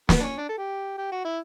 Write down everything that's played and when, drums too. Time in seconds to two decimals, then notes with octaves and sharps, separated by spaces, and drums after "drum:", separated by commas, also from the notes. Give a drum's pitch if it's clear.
0.09 B3, drum: snare
0.20 D4
0.23 C#4
0.38 D4
0.49 A4
0.58 G4
0.98 G4
1.12 F#4
1.25 E4